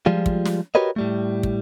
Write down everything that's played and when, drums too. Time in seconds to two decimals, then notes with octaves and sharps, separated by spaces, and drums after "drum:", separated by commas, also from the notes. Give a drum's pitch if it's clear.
0.06 F3 G3 G#3 F4
0.26 drum: kick
0.45 drum: snare
0.75 F#4 G4 A#4 B4 C#5 D#5
0.96 A2 G3 A3
1.43 drum: kick